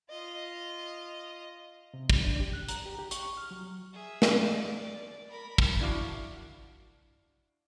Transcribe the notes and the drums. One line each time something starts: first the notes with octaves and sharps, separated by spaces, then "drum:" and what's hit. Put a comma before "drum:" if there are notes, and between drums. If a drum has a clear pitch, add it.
F4 D#5
C3
D#3, drum: kick
D4
G4
F#6
A#5, drum: hi-hat
G4
G4
C#6, drum: hi-hat
C#6
F6
F#3
G#4 E5
drum: snare
D5
A#4 B5
drum: kick
D4 E4 F#4 F5 D6